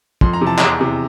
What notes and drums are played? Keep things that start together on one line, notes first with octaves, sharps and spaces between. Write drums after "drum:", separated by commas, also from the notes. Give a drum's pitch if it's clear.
F2 C6, drum: kick
A#5
C3 E3
A5
E2 A#5, drum: clap
C3 E3